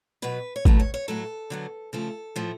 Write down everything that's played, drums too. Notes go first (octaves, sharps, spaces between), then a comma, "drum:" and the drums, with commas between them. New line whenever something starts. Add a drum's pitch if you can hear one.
B2 F#3 B3 B4
C#5
B2 F#3 A3 B4, drum: kick
C#5
C#5
A2 F#3 A3 A4
D3 F#3 B3
C#3 F3 A3 A4
A2 F3 A3